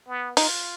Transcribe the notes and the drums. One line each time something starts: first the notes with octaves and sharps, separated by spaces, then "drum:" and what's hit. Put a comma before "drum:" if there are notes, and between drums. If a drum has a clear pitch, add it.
B3
D#4 F4, drum: open hi-hat